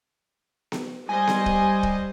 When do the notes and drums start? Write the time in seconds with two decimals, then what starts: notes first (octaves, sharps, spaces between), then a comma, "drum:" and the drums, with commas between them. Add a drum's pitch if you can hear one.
0.72 drum: snare B3
1.09 G3 C5 D#5 G#5
1.27 drum: snare B3
1.46 drum: kick
1.83 drum: kick